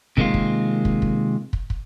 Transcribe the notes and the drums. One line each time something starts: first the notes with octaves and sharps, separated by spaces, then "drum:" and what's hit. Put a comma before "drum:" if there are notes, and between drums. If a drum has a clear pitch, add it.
C3 D#3 G#3 A#3 C4 F4, drum: kick
drum: kick
drum: kick
drum: kick
drum: kick
drum: kick